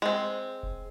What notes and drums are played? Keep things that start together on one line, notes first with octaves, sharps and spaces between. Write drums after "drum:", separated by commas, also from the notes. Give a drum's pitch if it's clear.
G#3 C4
drum: kick F1